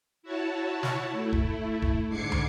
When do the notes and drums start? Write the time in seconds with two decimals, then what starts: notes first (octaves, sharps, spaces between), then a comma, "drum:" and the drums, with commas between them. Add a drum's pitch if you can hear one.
0.23 E4 F#4 C#5 A5
0.83 drum: snare
1.08 A3 E4
1.33 drum: kick
1.82 drum: kick
2.09 G#2 D3 D6 G#6 C7 C#7
2.32 drum: tom